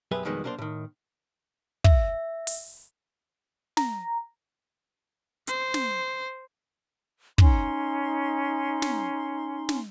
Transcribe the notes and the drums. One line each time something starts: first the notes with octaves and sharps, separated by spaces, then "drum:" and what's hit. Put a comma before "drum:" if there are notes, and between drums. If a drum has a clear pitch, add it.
B1 F#2 G4 G#4 B4 E5
F2 B2 D#3 G3 G#3 B3
B1 A#3 D4 A#4 C5
A2 D#3
E5, drum: kick
drum: open hi-hat
A#5, drum: snare
C5, drum: hi-hat
drum: snare
C#4 D#4 C6, drum: kick
drum: snare
drum: snare